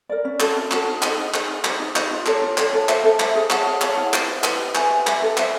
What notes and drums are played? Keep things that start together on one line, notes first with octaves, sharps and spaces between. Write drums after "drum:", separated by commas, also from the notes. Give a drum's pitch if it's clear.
A#4 D5
C#4
F#4 A4, drum: clap
C#4
F#4 A4, drum: clap
D#4
G#4 C5 D#5, drum: clap
D#4
G#4 C5 D#5, drum: clap
D#4
G4 C5 D#5, drum: clap
D#4
G4 C5 D#5, drum: clap
F4
A4 C#5, drum: clap
F4
A4 C#5, drum: clap
A4
C5 E5, drum: clap
A4
C5 E5, drum: clap
G#4
C#5 F#5 A5, drum: clap
G#4
C#5 F#5 A5, drum: clap
E4
G4 B4, drum: clap
E4
G4 B4, drum: clap
G4
B4 E5 G#5, drum: clap
G4
B4 E5 G#5, drum: clap
A4
C5 E5, drum: clap